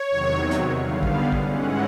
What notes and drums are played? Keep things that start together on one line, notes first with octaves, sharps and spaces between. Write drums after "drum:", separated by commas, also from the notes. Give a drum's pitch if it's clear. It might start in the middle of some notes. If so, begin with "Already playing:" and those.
Already playing: C#5
E2 C3 D#3 F#3
drum: hi-hat
D3 G3 B3 F5
drum: kick A1
drum: kick A1
G#2 E3 G#3 C#4 F#5